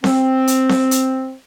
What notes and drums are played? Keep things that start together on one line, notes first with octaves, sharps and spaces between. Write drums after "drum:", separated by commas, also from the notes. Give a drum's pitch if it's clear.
C4, drum: snare C4
drum: hi-hat
drum: snare C4
drum: hi-hat